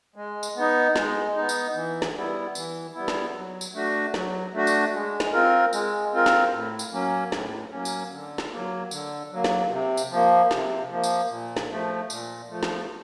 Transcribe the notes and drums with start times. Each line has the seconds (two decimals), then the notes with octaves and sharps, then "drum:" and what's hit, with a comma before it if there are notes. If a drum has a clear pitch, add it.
0.16 G#3
0.43 drum: tambourine
0.56 B3 D#4
0.96 G#3, drum: snare
1.36 B3 D#4
1.49 drum: tambourine
1.75 E3
2.02 drum: snare
2.15 G3 B3 E4
2.55 E3, drum: tambourine
2.94 G3 B3 E4
3.08 drum: snare
3.34 F#3
3.61 drum: tambourine
3.74 A3 D4 F#4
4.14 F#3, drum: snare
4.53 A3 D4 F#4
4.67 drum: tambourine
4.94 G#3
5.20 drum: snare
5.33 C4 F4 A#4
5.73 G#3, drum: tambourine
6.13 C4 F4 A#4
6.26 drum: snare
6.53 A2
6.79 drum: tambourine
6.92 F#3 A#3 C#4
7.32 A2, drum: snare
7.72 F#3 A#3 C#4
7.85 drum: tambourine
8.12 D3
8.38 drum: snare
8.52 F#3 A#3
8.91 D3, drum: tambourine
9.31 F#3 A#3
9.44 drum: snare
9.70 C3
9.97 drum: tambourine
10.10 F3 A#3
10.51 C3, drum: snare
10.90 F3 A#3
11.03 drum: tambourine
11.30 A#2
11.57 drum: snare
11.70 F3 A3
12.10 A#2, drum: tambourine
12.49 F3 A3
12.63 drum: snare